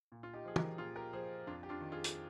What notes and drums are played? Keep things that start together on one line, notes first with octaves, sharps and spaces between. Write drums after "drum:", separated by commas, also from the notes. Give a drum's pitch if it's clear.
A#2
F4
D#4 G4
F3 G#4
G4 A#4, drum: tom
A#2 F4 G#4
G4 A#4
F3 G#4 C5
F2 D4 F4
G4
D4 F4
D#3
F4 G#4
drum: hi-hat